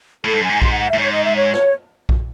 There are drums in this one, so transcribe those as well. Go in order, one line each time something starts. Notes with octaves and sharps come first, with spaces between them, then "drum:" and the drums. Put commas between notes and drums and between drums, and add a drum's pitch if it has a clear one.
A2 A4
G#2
F#2 G#5
G#2
C6, drum: kick A#1
F#5
F#5
A2 E5
G#2 C#5
D#5
E5
C#5
drum: rim click
drum: kick A#1